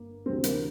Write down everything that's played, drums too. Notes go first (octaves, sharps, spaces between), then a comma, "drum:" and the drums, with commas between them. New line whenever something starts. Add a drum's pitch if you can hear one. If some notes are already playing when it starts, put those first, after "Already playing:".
Already playing: G1 A#3
D2 C3 E3 C4
A#3, drum: hi-hat